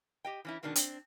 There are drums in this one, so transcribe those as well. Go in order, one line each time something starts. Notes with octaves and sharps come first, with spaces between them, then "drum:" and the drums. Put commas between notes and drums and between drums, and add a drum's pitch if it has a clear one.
G4 D#5 G5
E3 C#4 E4
G2 B2 D#3 G#3 D4
C4 D4, drum: hi-hat